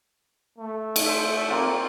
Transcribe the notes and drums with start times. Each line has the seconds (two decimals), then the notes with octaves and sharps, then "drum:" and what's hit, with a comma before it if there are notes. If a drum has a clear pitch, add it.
0.58 A3
0.96 drum: cymbal
1.05 C5 E5
1.48 A#3 C4 F4